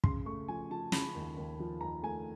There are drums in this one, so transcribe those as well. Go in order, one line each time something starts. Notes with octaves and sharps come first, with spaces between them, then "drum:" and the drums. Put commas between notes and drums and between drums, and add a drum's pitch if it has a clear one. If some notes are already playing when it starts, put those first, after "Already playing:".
C#3 C6, drum: kick
A3 C#6
F3 G#5
F3 A5
C#3 B5, drum: snare
D#2
D#2
F3
D#2 A#5
A3 G#5